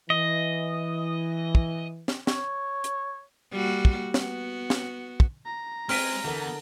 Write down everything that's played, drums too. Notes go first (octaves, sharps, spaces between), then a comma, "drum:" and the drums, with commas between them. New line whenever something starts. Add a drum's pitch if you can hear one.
E3 D#5
drum: kick
drum: snare
C#5, drum: snare
drum: hi-hat
G3 A#3 F#4
drum: kick
B3 F#4, drum: snare
drum: snare
drum: kick
A#5
G#3 C4 F6 B6 D7 D#7, drum: open hi-hat
D3 E3 B3 A#4